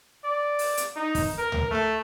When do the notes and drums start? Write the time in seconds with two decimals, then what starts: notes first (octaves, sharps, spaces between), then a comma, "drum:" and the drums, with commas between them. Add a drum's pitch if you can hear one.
0.24 D5
0.59 drum: open hi-hat
0.77 drum: hi-hat
0.96 D#4
1.15 drum: kick, open hi-hat
1.38 A#4
1.52 drum: tom C#2
1.71 A3